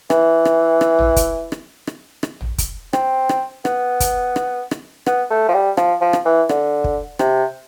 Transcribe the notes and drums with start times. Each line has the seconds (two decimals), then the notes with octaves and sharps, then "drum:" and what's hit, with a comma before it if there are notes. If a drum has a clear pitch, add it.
0.10 E3, drum: rim click
0.45 drum: rim click
0.81 drum: rim click
0.99 drum: tom
1.16 drum: kick, hi-hat
1.52 drum: rim click
1.87 drum: rim click
2.23 drum: rim click
2.41 drum: tom
2.58 drum: kick, hi-hat
2.93 C4, drum: rim click
3.29 drum: rim click
3.65 B3, drum: rim click
4.00 drum: kick, hi-hat
4.36 drum: rim click
4.71 drum: rim click
5.06 B3, drum: rim click
5.30 A3
5.48 F3
5.54 G3
5.77 F3, drum: rim click
6.01 F3
6.13 drum: rim click
6.25 E3
6.49 D3, drum: rim click
6.84 drum: kick
7.19 C3, drum: rim click